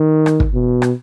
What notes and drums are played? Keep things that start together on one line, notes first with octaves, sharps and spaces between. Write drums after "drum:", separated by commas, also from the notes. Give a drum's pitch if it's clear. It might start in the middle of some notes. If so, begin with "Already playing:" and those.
Already playing: D#3
drum: rim click
drum: kick
B2
drum: rim click